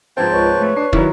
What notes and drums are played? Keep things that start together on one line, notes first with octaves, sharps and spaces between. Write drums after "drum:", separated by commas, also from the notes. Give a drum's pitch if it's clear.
G#2 F3 C4 B4 G5 A5 G#6
C#2 B4 C#5 C#6
A3
D4 C7
D#3 F#3 G3 E4, drum: kick